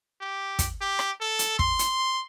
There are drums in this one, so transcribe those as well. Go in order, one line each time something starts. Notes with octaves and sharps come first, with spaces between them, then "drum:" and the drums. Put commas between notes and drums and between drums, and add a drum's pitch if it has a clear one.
G4
drum: kick, hi-hat
G4
drum: rim click
A4
drum: hi-hat
C6, drum: kick
drum: hi-hat